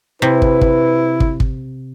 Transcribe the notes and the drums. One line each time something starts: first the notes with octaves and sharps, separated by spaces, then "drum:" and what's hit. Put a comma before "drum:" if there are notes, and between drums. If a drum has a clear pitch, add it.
C3 E4 B4
drum: kick
drum: kick
drum: kick
drum: kick